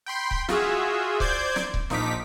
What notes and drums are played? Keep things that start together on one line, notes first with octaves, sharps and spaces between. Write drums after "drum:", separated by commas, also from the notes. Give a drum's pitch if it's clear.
G5 B5 C6
drum: kick C#1
F4 F#4 G#4 E5, drum: snare
C5 D5 D6 G6 G#6, drum: kick C#1
drum: snare
drum: kick C#1
A#1 A#2 F3 D#4 D6 B6, drum: snare